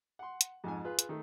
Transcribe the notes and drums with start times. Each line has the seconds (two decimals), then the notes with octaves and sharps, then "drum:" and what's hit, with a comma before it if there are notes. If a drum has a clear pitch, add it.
0.19 F#5 C6
0.41 drum: hi-hat
0.64 F2 G#2 G#5
0.84 F4 G#4 B4
0.99 drum: hi-hat
1.09 D#3 A3